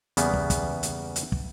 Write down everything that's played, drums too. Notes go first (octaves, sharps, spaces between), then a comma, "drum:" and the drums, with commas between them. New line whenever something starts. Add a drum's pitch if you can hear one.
E2 C#3 G3 A#3 B3, drum: hi-hat
drum: kick
drum: kick, hi-hat
drum: hi-hat
drum: hi-hat
drum: kick